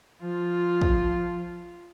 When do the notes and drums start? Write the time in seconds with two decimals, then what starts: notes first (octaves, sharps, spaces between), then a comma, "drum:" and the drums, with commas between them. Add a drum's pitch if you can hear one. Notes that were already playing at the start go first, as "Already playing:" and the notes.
0.22 F3 F4
0.81 drum: kick